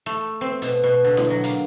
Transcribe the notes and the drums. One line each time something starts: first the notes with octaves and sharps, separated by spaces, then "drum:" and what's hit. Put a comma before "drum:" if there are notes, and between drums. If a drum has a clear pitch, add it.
A3
C4
B2, drum: hi-hat
B2
D3
drum: snare E4
F#3
A#3, drum: hi-hat